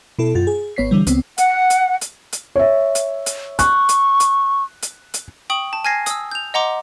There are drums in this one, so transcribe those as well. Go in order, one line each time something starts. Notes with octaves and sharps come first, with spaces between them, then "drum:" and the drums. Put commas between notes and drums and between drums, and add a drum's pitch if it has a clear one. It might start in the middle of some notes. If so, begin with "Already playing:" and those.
B2 E4 A4
F#2 F4 A6
G#4
G#1 B3 C#5 B6 C7
D3 E3 G3
C#2 B3 C4, drum: hi-hat
F#5, drum: hi-hat
drum: hi-hat
drum: hi-hat
drum: hi-hat
C#5 E5
drum: hi-hat
drum: hi-hat
C#6 F#6, drum: kick, hi-hat
drum: hi-hat
drum: hi-hat
drum: hi-hat
drum: hi-hat
G5 C#6 D#6 F#7
A5
G#5 F6 G#6 A#6 C7
D#6 E6, drum: hi-hat
G6 F7
D#5 F#5 A#5 C6 D6